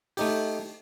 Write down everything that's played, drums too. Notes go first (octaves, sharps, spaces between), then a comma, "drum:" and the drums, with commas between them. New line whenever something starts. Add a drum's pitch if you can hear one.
A3 D#4 G4, drum: open hi-hat